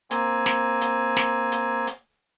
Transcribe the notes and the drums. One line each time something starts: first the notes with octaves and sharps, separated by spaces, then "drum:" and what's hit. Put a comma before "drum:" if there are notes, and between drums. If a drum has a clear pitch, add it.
A#3 C4 G#5, drum: hi-hat
drum: snare
drum: hi-hat
drum: snare
drum: hi-hat
drum: hi-hat